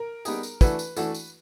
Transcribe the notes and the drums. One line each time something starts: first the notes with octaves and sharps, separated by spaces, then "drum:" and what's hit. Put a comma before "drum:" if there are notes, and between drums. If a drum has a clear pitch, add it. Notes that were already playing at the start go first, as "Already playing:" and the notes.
Already playing: A#4
G3 B3 D#4 G#4, drum: tambourine
drum: tambourine
E3 A3 D4 F#4 A4 B4, drum: kick, tambourine
drum: tambourine
E3 A3 D4 F#4 A4, drum: tambourine
drum: tambourine